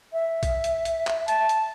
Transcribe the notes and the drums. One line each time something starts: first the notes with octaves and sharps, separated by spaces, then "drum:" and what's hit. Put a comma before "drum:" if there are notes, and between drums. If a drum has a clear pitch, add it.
E5
drum: kick A#1, hi-hat
drum: hi-hat
drum: hi-hat
drum: clap
A5, drum: hi-hat
drum: hi-hat